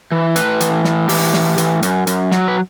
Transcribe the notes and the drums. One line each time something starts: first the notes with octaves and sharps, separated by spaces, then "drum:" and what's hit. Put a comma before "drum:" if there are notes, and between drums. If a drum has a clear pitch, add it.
E3
A2 B4, drum: hi-hat
E3, drum: hi-hat
A2, drum: snare
E3 G4, drum: open hi-hat
A2, drum: snare
E3, drum: hi-hat
F#2, drum: hi-hat
F#2, drum: hi-hat
F#3, drum: snare
B4